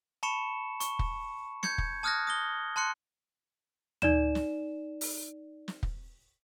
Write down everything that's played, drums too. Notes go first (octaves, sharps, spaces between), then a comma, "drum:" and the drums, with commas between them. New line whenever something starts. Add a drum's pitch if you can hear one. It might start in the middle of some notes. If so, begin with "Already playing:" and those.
A5 B5 C#6 C#7 E7
C#6, drum: hi-hat
drum: kick
G6 G#6 C#7, drum: snare
drum: kick
A5 D#6 F6 F#6 G#6 A#6
D#6 A#6 G7
A5 C6 F#6 C#7
D#4 D5 E7, drum: tom D2
drum: snare
drum: open hi-hat
drum: snare
drum: kick